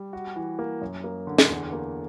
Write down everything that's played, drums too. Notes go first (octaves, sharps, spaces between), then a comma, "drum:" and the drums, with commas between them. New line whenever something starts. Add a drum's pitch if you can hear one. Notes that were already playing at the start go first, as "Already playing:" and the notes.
Already playing: G3
F#4
E3
A#3
F#2
A#3
D3
drum: snare
E2
A#3